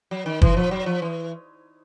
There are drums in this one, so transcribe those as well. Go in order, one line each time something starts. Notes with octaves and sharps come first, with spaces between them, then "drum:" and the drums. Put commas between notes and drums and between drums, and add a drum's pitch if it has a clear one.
F#3
D#3
E3, drum: kick
F3
F#3
F3
E3